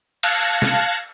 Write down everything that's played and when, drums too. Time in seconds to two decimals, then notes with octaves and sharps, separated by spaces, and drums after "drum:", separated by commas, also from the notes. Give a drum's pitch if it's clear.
0.23 F5 A5 F#6 G#6 A#6 C#7, drum: cymbal
0.62 drum: snare